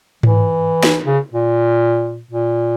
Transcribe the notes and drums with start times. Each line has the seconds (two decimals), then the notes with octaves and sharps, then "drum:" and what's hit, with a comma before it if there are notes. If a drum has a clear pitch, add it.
0.23 E3, drum: tom G#2
0.83 drum: snare
1.06 C#3
1.33 A#2
2.31 A#2